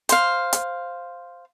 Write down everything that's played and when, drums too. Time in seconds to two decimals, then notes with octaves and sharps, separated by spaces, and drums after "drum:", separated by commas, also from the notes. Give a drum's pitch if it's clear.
0.09 C5 F5, drum: hi-hat
0.53 drum: hi-hat